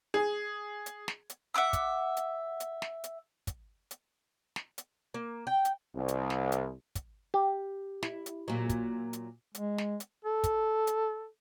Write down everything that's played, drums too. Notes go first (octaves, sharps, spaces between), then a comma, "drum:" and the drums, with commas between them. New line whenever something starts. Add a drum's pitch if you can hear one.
G#4
drum: hi-hat
drum: snare
drum: hi-hat
E5 F#5 D6 E6
drum: kick, hi-hat
drum: hi-hat
drum: hi-hat
drum: snare
drum: hi-hat
drum: kick, hi-hat
drum: hi-hat
drum: snare
drum: hi-hat
A#3
G5
drum: hi-hat
C2
drum: hi-hat
drum: snare
drum: hi-hat
drum: kick, hi-hat
G4
E4, drum: snare
drum: hi-hat
A#2 F#3
drum: kick, hi-hat
drum: hi-hat
G#3, drum: hi-hat
drum: snare
drum: hi-hat
A4
drum: kick, hi-hat
drum: hi-hat